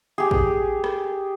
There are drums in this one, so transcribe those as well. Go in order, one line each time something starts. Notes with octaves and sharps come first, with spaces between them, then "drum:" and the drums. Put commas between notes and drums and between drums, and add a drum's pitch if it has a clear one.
G4 G#4
drum: kick A1
drum: rim click